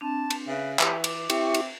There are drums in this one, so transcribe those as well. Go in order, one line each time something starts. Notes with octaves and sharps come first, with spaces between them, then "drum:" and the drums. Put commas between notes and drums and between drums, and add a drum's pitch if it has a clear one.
C4 D4 A5
drum: cymbal
C#3 B4 E5
E3 G4, drum: clap
D6, drum: cymbal
C4 E4 G4 E5 C#6, drum: cymbal
drum: cymbal